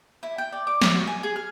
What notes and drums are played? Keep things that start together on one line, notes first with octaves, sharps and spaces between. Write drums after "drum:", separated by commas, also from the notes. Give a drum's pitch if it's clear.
E4
G5
D5
D6
E5, drum: snare
F#4
G#5
G#4
F6